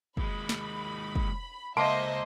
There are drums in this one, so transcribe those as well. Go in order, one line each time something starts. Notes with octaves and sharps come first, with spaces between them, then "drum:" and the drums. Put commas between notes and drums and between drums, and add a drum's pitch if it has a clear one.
D#2 G#3 B5, drum: kick
drum: snare
drum: kick
C#2 A#3 C5 D#5 E5 A5 C6 D6